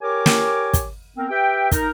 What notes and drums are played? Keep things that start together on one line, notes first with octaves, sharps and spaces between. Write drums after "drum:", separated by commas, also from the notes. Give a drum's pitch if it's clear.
G4 A#4 C#5 G#5 D6
drum: snare
drum: kick, hi-hat
B3 C4 A#4
G4 B4 E5 G5
D#4 A#4, drum: kick, hi-hat